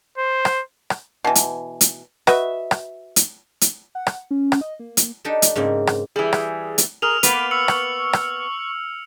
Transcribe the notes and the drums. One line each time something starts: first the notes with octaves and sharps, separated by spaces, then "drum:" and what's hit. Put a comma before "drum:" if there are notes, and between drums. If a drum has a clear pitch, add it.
C5
drum: rim click
drum: rim click
B2 E3
drum: hi-hat
drum: hi-hat
F#4 B4 D#5 E5, drum: rim click
drum: rim click
drum: hi-hat
drum: hi-hat
F#5
drum: rim click
C#4
drum: rim click
D#5
A#3
drum: hi-hat
D4 D#4 G4 A4
drum: hi-hat
G#2 C#3 A#3 C4
drum: rim click
E3 G3 G#4
drum: rim click
drum: hi-hat
G#4 A#4 F6 F7
A#3 B3 B4 D6, drum: hi-hat
C#6 E6 C#7 F#7
drum: rim click
drum: rim click